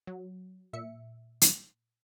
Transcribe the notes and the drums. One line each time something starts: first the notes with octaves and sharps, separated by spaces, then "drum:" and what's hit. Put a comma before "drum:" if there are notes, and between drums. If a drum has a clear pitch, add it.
F#3
A#2 E5 C#7
drum: hi-hat